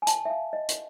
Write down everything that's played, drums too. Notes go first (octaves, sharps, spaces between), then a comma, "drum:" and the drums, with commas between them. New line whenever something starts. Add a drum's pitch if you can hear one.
G#5
A5, drum: hi-hat
E5
F5
D#5
drum: hi-hat